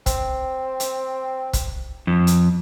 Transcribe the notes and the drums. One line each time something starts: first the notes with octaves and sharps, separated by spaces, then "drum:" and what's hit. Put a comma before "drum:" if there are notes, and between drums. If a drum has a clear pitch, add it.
C4, drum: kick, hi-hat
drum: hi-hat
drum: kick, hi-hat
F2
drum: hi-hat